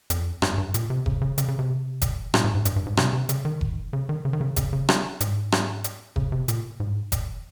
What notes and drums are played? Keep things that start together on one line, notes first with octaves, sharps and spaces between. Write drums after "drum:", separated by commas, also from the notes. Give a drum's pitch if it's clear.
F2, drum: hi-hat
G2, drum: rim click
G2
A#2, drum: hi-hat
C3
C#3, drum: kick F1
C#3
C#3, drum: hi-hat
C#3
C3
drum: kick F1, hi-hat
A#2, drum: rim click
G#2
G#2
G2, drum: hi-hat
G2
G#2
C3, drum: rim click
C3
C#3, drum: hi-hat
D#3
drum: kick F1
C#3
D#3
C#3
D#3
C#3
C#3, drum: kick F1, hi-hat
C#3
drum: rim click
G#2, drum: hi-hat
drum: rim click
drum: hi-hat
C#3, drum: kick F1
C3
A#2, drum: hi-hat
G#2
drum: kick F1, hi-hat